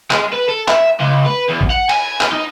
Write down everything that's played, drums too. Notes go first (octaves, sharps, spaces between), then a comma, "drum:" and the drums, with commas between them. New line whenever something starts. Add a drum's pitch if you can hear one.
G#3, drum: clap
B4
A4
E5, drum: clap
C#2
B4
E2
drum: kick A1
F#5
G#5, drum: cymbal
drum: clap
D#4